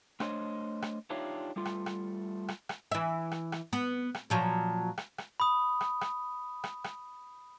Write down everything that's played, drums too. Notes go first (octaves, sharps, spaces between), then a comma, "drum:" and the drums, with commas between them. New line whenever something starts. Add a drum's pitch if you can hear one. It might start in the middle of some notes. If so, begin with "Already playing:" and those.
A3 D4 C5 C#5 D#5, drum: rim click
drum: rim click
D4 D#4 F4 G4 C#5 E5
G3 A3 F4
drum: rim click
drum: rim click
drum: rim click
drum: rim click
E3 E5
drum: rim click
drum: rim click
B3
drum: rim click
A#2 F3 F#3
drum: rim click
drum: rim click
B5 D#6
drum: rim click
drum: rim click
drum: rim click
drum: rim click